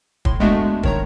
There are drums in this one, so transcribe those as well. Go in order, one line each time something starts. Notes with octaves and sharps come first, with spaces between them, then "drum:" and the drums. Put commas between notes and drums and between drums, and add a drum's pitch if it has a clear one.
A2 C6, drum: kick
G#3 A3 B3 D4 F#4
D#3 C#5 A#5, drum: kick